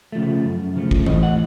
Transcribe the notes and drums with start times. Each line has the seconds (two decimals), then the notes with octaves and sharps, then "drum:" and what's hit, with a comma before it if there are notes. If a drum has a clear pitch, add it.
0.12 C#3 F3 A3
0.44 F#2
0.76 C#3 F3 A3
0.91 drum: kick
1.06 A2 D#5, drum: tom E3
1.23 F#5